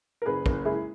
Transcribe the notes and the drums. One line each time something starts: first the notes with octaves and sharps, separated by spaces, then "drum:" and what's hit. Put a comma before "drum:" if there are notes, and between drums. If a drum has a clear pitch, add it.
A#4
F#1 G#4 B4
F#1, drum: kick
G#3 E4 G#4